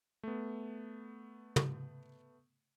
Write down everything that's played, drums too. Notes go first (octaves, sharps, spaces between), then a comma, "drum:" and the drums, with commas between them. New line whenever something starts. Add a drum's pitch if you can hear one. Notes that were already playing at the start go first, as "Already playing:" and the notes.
A3 B3
drum: tom